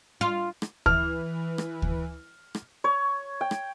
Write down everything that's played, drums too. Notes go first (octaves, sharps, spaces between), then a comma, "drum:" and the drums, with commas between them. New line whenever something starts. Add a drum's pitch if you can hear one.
F4
drum: rim click
E3 F6, drum: kick D2
drum: rim click
drum: kick D2
drum: rim click
C#5
G5
drum: rim click